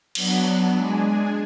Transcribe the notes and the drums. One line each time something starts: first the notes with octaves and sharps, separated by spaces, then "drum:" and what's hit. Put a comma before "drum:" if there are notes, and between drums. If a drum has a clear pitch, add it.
F#3 B3 D4, drum: cymbal
G#3 D4 G#4